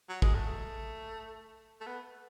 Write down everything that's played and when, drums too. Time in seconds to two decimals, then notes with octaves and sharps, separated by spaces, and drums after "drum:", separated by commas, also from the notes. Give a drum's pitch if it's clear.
0.09 F#3
0.22 G#3, drum: kick
0.34 A3
1.81 A3
1.87 B3